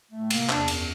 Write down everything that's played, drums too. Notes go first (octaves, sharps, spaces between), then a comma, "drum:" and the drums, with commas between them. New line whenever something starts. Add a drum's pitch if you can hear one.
A2 A3
C3 A#3, drum: cymbal
E2 D4, drum: clap
F#2, drum: cymbal